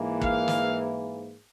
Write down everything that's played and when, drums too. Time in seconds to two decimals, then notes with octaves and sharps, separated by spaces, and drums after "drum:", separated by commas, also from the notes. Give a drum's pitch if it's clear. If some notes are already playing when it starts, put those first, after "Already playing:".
Already playing: G#2 E3 A#3
0.22 F5, drum: kick
0.48 drum: snare